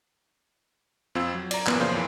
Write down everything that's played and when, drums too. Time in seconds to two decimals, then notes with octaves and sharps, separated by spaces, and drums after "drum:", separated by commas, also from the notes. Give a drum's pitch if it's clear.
1.15 F2 C4 F4 E6 G#6
1.34 F#3
1.51 D5 A#5, drum: cymbal
1.67 F#2 A#2 E3 A#3 B3, drum: clap
1.80 C#3 F3 C5 D5 F5 C6
1.93 F2 A#2 E3